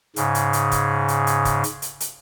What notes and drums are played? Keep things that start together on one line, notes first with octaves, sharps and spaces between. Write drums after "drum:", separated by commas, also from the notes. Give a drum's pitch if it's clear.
G#2 C#3, drum: hi-hat
drum: hi-hat
drum: hi-hat
drum: kick, hi-hat
drum: hi-hat
drum: hi-hat
drum: kick, hi-hat
drum: hi-hat
drum: hi-hat
drum: hi-hat